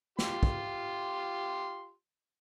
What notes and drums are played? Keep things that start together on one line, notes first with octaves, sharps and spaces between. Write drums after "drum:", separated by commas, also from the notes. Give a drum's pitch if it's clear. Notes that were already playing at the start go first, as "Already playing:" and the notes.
F4 G4 C6, drum: snare
drum: kick